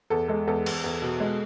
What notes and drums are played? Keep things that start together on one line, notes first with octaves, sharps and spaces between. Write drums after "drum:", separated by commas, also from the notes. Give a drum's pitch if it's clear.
E2 A4
G#3 A4
E2 A4
E2, drum: cymbal
E2
B2
G#3